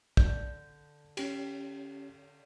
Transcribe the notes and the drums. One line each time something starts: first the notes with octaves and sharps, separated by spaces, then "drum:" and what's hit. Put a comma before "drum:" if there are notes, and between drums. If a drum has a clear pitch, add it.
D3 G6, drum: kick
C#4 G4, drum: cymbal